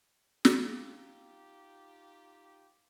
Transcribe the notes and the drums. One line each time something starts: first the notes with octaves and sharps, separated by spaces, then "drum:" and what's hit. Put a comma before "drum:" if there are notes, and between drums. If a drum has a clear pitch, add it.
D#4 F4 G4, drum: snare